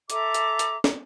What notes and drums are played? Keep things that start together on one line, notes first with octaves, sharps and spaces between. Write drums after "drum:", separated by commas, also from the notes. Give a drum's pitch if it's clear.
A4 E5 A#5 D6, drum: hi-hat
drum: hi-hat
drum: hi-hat
drum: snare